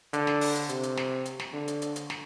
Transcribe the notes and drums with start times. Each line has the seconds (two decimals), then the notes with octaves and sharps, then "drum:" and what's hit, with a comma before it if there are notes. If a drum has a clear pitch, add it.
0.13 D3, drum: hi-hat
0.27 drum: snare
0.41 drum: open hi-hat
0.55 drum: hi-hat
0.69 C3, drum: hi-hat
0.83 drum: hi-hat
0.97 drum: snare
1.25 drum: hi-hat
1.40 drum: snare
1.53 D3
1.68 drum: hi-hat
1.82 drum: hi-hat
1.96 drum: hi-hat
2.10 drum: snare